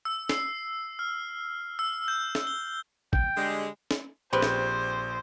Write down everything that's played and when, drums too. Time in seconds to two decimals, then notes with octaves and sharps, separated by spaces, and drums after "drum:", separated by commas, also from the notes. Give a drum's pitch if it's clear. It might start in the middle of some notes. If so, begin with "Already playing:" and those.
0.05 E6
0.29 C7, drum: snare
0.99 F6
1.79 E6
2.08 G6
2.35 drum: snare
2.47 G7
3.13 G5, drum: kick
3.37 D3 G3 G#3
3.91 drum: snare
4.33 A#1 C4 G4 G#4 B4 C5
4.42 drum: snare